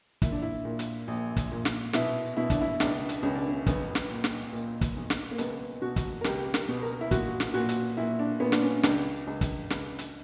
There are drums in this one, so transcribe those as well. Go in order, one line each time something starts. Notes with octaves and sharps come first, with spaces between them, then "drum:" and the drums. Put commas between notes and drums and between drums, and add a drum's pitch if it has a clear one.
A#2 E4, drum: kick, hi-hat
D4
E4
A#2
drum: hi-hat
A#1
drum: kick, hi-hat
A#2
drum: snare
B2 E4, drum: snare
B2 E4
D4, drum: kick, hi-hat
E4
C#2 D4, drum: snare
drum: hi-hat
C#2 C#4
D4
C#4
B1 B3, drum: kick, hi-hat
drum: snare
A#2
drum: snare
A#2
drum: kick, hi-hat
B1
drum: snare
A#3
C#2 B3, drum: hi-hat
B2 F#4
drum: kick, hi-hat
A#4
C#2 G4, drum: snare
A#4, drum: snare
B2
A#4
E4
A#2 F#4, drum: kick, hi-hat
drum: snare
A#2 F#4
drum: hi-hat
A#2 E4
D4
A#2 B3
D4, drum: snare
C#4
C#2 D4, drum: snare
C#2
drum: kick, hi-hat
C#2, drum: snare
drum: hi-hat